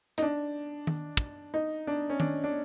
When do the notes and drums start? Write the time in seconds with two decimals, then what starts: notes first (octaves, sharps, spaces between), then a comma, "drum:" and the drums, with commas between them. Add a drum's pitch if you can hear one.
0.18 D#4, drum: hi-hat
0.22 D4
0.87 drum: tom D#3
1.17 drum: kick
1.54 D#4
1.87 D4
2.10 C#4
2.20 D4, drum: tom D#3
2.44 D4